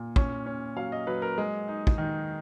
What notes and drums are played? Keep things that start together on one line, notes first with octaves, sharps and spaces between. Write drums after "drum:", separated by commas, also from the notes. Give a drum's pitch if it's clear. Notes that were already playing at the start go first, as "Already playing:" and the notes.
Already playing: A#2
C#4, drum: kick
C#4
F#3 F5
D#5
F#3 B4
A#4
G#3
D#4
drum: kick
D#3